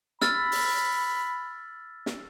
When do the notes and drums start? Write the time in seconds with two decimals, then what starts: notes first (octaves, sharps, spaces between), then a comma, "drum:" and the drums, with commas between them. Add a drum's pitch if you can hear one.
0.21 B5 E6 F6 A6, drum: snare
0.52 drum: open hi-hat
2.06 drum: snare